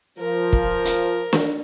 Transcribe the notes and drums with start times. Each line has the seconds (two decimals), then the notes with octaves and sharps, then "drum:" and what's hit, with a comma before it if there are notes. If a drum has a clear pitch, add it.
0.19 F3 A#4
0.53 drum: kick
0.85 drum: hi-hat
1.33 drum: snare